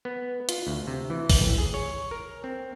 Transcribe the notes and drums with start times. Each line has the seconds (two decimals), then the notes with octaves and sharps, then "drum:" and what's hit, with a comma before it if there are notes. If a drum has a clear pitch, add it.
0.05 B3
0.49 F4, drum: hi-hat
0.67 D2
0.87 C3
1.10 E3
1.30 drum: kick B1, open hi-hat
1.40 A1
1.58 G#4
1.74 C#5
2.11 A#4
2.44 C4